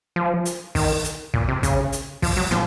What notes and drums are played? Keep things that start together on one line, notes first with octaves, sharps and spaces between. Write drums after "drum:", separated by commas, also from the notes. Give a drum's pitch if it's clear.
F3
drum: hi-hat
D#3, drum: kick, open hi-hat
drum: hi-hat
A#2, drum: kick
C3
C#3, drum: kick, hi-hat
drum: hi-hat
F3, drum: kick, open hi-hat
F#3
F3, drum: tom